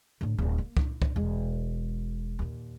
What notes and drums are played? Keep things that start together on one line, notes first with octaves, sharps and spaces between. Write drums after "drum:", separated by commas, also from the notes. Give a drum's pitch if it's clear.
A2 D3
D1 D4
A#3
E4, drum: kick
drum: kick
E1 G#3
D#2 A#2